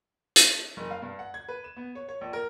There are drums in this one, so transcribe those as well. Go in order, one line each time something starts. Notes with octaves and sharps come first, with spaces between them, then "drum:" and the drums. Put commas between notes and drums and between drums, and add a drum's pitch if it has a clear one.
drum: hi-hat
F#1
F5
G2
F#5
G#6
B4
E7
B3
C#5
C#5
A#1
A#4